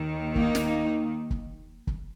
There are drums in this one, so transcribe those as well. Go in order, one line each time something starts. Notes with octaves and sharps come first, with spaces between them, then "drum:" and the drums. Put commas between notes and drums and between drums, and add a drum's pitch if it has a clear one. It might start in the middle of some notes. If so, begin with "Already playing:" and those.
Already playing: D#2 D#3
A#3 D#4, drum: kick
drum: snare
drum: kick
drum: kick